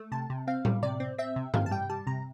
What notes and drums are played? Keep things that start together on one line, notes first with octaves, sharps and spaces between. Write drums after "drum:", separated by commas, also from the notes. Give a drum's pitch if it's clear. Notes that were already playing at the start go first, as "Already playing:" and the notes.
Already playing: A3
C3 A5
C3
C4 F5
G3, drum: tom A2
C3 D5
C4
C4 E5
C3
C3 F5, drum: tom G2
A5
G3 G5
G3 A5
C3 A#5